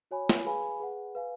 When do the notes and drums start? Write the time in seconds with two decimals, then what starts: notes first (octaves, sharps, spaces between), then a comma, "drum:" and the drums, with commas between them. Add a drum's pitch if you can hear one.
0.11 F#4 C#5 G#5 B5
0.29 drum: snare
0.45 G#4 B4 F5 G#5 B5
0.80 G#4 B4 F#5
1.15 B4 F5 G#5